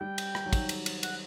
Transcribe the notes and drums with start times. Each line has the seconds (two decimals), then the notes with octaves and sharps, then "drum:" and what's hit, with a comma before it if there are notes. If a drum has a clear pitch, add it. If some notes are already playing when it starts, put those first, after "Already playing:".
0.01 G3 G5
0.18 drum: cymbal
0.35 drum: rim click
0.46 F#3
0.53 D#3, drum: kick, cymbal
0.69 drum: cymbal
0.86 drum: cymbal
1.03 F#5, drum: cymbal